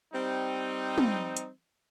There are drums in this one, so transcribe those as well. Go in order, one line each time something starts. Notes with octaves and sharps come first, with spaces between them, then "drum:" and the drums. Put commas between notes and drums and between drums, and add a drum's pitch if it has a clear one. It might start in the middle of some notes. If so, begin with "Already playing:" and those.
G3 C4 D#4
drum: tom
drum: hi-hat